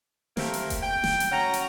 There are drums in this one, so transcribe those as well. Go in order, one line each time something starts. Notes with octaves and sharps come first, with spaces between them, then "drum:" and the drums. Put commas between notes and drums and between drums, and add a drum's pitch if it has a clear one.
A3 A#3 C4 G4 A#4, drum: snare
drum: hi-hat
drum: kick F1, hi-hat
G5
drum: snare
drum: hi-hat
F#3 C#4 F#5 A#5
drum: hi-hat